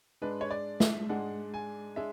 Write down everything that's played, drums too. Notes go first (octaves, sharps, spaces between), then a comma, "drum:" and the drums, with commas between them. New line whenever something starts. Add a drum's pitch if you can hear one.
G#2 G#3 D4 B4
C#5
D5
E5, drum: snare
G#2 G#3 D4 F#5
G#5
G#3 D4 E5